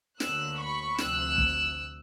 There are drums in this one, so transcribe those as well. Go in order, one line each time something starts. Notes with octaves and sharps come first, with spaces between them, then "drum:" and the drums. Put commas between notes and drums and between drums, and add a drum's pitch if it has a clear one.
D2 D3 F#3 A#3 E6 F#6, drum: snare
B5 C#6
D2 C3 F3 E6 F#6, drum: snare
drum: kick